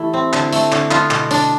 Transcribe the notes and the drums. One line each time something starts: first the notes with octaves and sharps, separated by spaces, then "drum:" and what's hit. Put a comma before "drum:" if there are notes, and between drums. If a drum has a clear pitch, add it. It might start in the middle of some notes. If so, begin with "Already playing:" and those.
Already playing: E3 G3 A3 E4
C4
D3, drum: clap
A3, drum: open hi-hat
D3, drum: clap
B3 F4, drum: clap
B2, drum: clap
D4, drum: open hi-hat